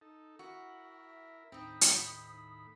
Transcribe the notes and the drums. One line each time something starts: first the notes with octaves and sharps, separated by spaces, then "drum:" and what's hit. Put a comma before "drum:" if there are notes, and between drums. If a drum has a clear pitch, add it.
D#4 A4
E4 F#4 A#4
E5
D#2 A2 C4 D#4 B5 D#6
drum: hi-hat